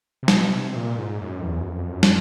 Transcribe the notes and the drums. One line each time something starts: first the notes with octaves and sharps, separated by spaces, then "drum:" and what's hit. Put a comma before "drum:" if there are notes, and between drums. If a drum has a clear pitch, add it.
C3
B2, drum: snare
C3
A#2
G#2
F#2
F2
E2
F#2
F2
F#2
drum: snare